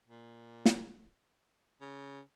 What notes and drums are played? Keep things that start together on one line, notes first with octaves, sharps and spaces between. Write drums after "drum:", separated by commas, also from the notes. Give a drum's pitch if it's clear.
A#2
drum: snare
C#3